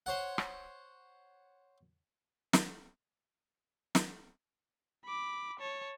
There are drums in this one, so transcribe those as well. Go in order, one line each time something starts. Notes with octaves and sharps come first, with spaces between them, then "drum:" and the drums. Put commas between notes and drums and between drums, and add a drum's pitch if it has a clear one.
C5 C#5 F#5
drum: rim click
drum: snare
drum: snare
B5 D6
C#5 A5